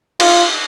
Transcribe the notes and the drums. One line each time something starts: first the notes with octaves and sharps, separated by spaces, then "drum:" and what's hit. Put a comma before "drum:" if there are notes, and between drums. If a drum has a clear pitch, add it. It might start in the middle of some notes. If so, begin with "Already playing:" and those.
F4, drum: cymbal